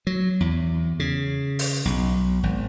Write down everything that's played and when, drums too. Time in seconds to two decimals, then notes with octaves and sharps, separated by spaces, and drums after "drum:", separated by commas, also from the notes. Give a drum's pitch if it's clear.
0.07 F#3
0.40 E2
1.00 C#3
1.59 drum: open hi-hat
1.85 B1
2.43 G#1